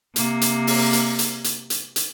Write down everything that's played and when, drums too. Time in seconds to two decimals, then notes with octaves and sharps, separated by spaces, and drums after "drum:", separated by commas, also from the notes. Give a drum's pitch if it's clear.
0.16 C3 A#3, drum: hi-hat
0.41 drum: hi-hat
0.67 drum: open hi-hat
0.93 drum: hi-hat
1.19 drum: hi-hat
1.44 drum: hi-hat
1.70 drum: hi-hat
1.96 drum: hi-hat